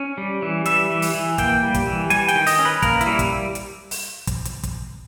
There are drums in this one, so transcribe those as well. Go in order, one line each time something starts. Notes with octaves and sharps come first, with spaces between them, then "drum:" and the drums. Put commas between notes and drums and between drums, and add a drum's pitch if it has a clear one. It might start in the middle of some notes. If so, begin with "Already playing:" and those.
Already playing: C#4
G3
E3
G3 E5, drum: hi-hat
E3
drum: open hi-hat
E3
A#3 G5, drum: kick, hi-hat
G3
drum: kick, hi-hat
E3
G3 G#5, drum: hi-hat
G5, drum: hi-hat
D#3
D#5, drum: open hi-hat
C#4
B4
A#3 A#4, drum: kick, hi-hat
E4, drum: hi-hat
G3
drum: kick, hi-hat
drum: hi-hat
drum: open hi-hat
drum: kick, hi-hat
drum: hi-hat
drum: kick, hi-hat